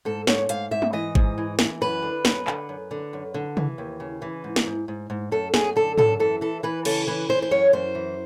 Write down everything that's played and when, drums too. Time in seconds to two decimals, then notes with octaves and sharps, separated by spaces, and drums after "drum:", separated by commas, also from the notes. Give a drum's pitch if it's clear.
0.05 G#2 A4
0.27 G#2 C#5, drum: snare
0.49 G#2 F5, drum: hi-hat
0.71 G#2 E5
0.82 drum: tom
0.93 E3 D#5
1.15 G#2, drum: kick G#1
1.38 E3
1.59 E3, drum: snare
1.81 F#2 B4
2.02 D3
2.25 F#2, drum: snare
2.47 D3, drum: clap
2.69 F#2
2.91 D3
3.13 F#2
3.34 D3
3.57 E3, drum: tom C3
3.78 D#2
4.00 C#3
4.22 E3
4.44 G#2
4.56 drum: snare
4.66 G#2
4.88 G#2
5.10 G#2
5.31 F#2 A4
5.54 F#2 G#4, drum: snare
5.76 D3 A4
5.98 F#2 A4, drum: tom G#2
6.20 E3 A4
6.41 E3 A4
6.63 E3 B4
6.85 C#3 A4, drum: cymbal
7.07 E3 B4
7.29 E3 C5
7.42 C5
7.51 F#2 C#5
7.73 F#2 C5
7.95 E3